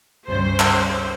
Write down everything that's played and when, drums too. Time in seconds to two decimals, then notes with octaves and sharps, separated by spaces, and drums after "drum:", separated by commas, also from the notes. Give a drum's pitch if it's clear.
0.28 C#2 G2 C#3 G3 C5
0.60 drum: clap